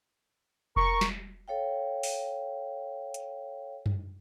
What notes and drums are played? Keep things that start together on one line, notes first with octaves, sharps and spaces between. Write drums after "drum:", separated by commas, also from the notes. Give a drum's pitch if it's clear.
A#4 C#6, drum: kick F1
drum: snare
A4 C#5 F5 G5
drum: open hi-hat
drum: hi-hat
drum: tom F#2